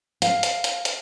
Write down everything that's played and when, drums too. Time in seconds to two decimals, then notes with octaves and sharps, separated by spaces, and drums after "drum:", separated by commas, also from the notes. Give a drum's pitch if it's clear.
0.22 F5, drum: hi-hat
0.43 drum: hi-hat
0.64 drum: hi-hat
0.85 drum: hi-hat